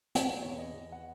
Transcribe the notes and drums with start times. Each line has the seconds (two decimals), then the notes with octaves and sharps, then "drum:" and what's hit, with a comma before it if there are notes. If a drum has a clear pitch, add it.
0.15 B2 C#5, drum: hi-hat
0.42 E2 C#5
0.58 D#5
0.73 E2
0.92 F#5